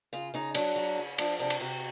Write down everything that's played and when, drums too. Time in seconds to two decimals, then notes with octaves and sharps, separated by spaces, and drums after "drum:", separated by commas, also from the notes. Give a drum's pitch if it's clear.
0.13 C#3 F4
0.34 C#3 D#4
0.55 F#3 D4, drum: cymbal
0.76 F#3
0.98 C#3
1.18 F3 D4, drum: cymbal
1.39 C3 D4
1.50 drum: cymbal
1.60 C3 F#4